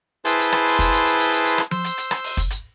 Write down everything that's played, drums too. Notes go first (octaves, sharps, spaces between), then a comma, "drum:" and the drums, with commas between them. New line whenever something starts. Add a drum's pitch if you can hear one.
E4 G#4 B4 C5 A5 C6, drum: hi-hat
drum: hi-hat
drum: rim click
drum: open hi-hat
drum: kick, hi-hat
drum: hi-hat
drum: hi-hat
drum: hi-hat
drum: hi-hat
drum: hi-hat
drum: rim click
C5 C6 E6, drum: tom F3
drum: hi-hat
drum: hi-hat
drum: rim click
drum: open hi-hat
drum: kick, hi-hat
drum: hi-hat